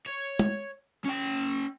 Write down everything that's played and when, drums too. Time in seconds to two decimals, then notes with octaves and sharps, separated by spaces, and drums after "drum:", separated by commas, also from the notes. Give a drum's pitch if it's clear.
0.06 C#5
0.39 drum: tom
1.06 C#4 G5